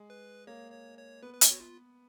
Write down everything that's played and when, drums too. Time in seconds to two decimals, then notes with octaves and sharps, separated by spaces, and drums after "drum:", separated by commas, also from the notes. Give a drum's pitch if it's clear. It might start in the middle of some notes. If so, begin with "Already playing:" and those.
Already playing: G#3
0.10 B4
0.47 A#3 C#5
0.72 C#5
0.98 C#5
1.23 B3 B4
1.34 B4
1.41 C#5, drum: hi-hat
1.51 F#4
1.60 F4